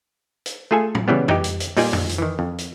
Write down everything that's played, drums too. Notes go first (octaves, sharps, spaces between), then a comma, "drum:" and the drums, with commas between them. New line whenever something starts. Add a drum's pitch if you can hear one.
drum: hi-hat
A3 F4 G#4 A4 G#5
drum: tom A2
C#3 E3 G3 B3
E3 D#4 G4, drum: tom
drum: hi-hat
drum: hi-hat
A#2 G3 D#4 F4 D5 G#5, drum: open hi-hat
drum: tom
drum: hi-hat
D#3 E3
F2
drum: hi-hat